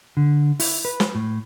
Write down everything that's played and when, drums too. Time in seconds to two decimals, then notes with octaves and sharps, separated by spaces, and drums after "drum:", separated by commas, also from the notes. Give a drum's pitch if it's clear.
0.17 D3
0.60 E4, drum: open hi-hat
0.85 B4
1.00 drum: snare
1.15 A2